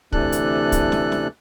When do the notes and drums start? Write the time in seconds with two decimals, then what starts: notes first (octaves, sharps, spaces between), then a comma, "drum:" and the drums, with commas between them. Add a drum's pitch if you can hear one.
0.13 D2 C3 E3 D4 A4 F#6, drum: kick
0.32 drum: hi-hat
0.72 drum: kick, hi-hat
0.92 drum: snare
1.12 drum: snare